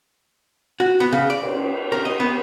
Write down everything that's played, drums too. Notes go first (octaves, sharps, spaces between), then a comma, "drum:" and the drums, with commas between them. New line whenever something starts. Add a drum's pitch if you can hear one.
F#4
B3
C#3
D5
drum: cymbal
A#4
D#5
B3